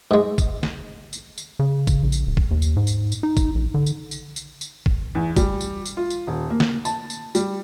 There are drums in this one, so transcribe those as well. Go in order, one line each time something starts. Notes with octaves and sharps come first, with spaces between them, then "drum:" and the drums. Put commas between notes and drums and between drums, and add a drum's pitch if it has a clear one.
G#2 G#3
drum: kick, tambourine
drum: snare
drum: tambourine
drum: tambourine
C#3
drum: kick, tambourine
A#1
drum: tambourine
D1
drum: kick
D#2
drum: tambourine
G#2
drum: tambourine
drum: tambourine
D#4
drum: kick, tambourine
A#1
D3
drum: tambourine
drum: tambourine
drum: tambourine
drum: tambourine
drum: kick
E2
G3, drum: kick, tambourine
drum: tambourine
drum: tambourine
F4
drum: tambourine
D#1
A#3
drum: snare
A5, drum: tambourine
drum: tambourine
G3, drum: tambourine